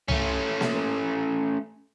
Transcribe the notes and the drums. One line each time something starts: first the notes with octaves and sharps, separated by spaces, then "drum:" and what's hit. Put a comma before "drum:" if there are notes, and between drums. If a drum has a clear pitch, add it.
A3 C#4, drum: tom C2
drum: snare A#3